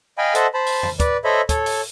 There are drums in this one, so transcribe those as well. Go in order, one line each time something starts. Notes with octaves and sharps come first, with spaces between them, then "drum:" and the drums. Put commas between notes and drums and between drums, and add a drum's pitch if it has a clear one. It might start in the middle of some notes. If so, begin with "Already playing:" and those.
D#5 F5 G5 G#5 B5
A4 C5 D#5 E5 F#5 A5, drum: hi-hat
C5 A5 B5
drum: open hi-hat
drum: tom F2
B4 D5, drum: kick, hi-hat
A4 C5 C#5 D#5 E5 B5
A4 C#5, drum: kick, hi-hat
drum: open hi-hat